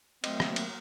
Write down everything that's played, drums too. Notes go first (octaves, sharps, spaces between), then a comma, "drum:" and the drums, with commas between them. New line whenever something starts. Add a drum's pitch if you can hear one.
F#3 A3 A#3 C4 D#5, drum: cymbal
drum: rim click
drum: cymbal